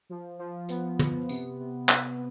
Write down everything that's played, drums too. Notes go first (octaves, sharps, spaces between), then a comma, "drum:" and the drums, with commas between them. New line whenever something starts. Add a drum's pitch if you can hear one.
F3
F3
B3, drum: hi-hat
B3, drum: tom
C3, drum: tambourine
C3
B3, drum: clap